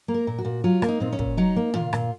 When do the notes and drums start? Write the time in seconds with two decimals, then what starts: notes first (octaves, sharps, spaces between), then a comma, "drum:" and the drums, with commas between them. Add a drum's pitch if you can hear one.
0.08 A#3
0.14 A#4
0.27 A#2
0.38 F#4
0.45 A#2
0.64 F#3 F4
0.82 A#3, drum: rim click
0.88 D#4
1.00 A#2 C4
1.12 C#4
1.19 A#2, drum: kick
1.37 F#3 D#4
1.56 A#3
1.74 A#2 F4, drum: tom
1.93 A#2, drum: rim click